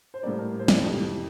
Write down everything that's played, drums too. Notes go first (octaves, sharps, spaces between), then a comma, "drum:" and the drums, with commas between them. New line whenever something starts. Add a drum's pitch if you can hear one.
C5
A2 G3 A#3 D5
A#4
C5
D5, drum: snare
F2 C3 E3